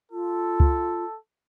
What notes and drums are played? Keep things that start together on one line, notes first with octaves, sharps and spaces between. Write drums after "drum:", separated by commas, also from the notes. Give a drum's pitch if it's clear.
F4 A4
drum: kick C#2